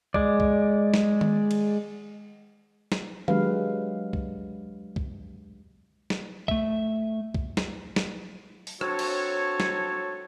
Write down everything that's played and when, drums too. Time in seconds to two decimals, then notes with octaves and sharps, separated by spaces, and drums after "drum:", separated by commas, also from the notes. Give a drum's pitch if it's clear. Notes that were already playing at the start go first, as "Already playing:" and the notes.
0.14 G#3 D5, drum: kick
0.40 drum: kick
0.94 drum: snare
1.21 drum: tom D#3
1.51 drum: cymbal
2.92 drum: snare
3.28 F#3 G#3 D4 G4 B4 F5, drum: tom D#3
4.13 drum: kick
4.96 drum: kick
6.10 drum: snare
6.48 A3 E5, drum: kick
7.34 drum: kick
7.57 drum: snare
7.96 drum: snare
8.67 drum: open hi-hat
8.81 F#3 C4 D4 F#4 A4 C#5, drum: rim click
8.99 drum: cymbal
9.60 drum: snare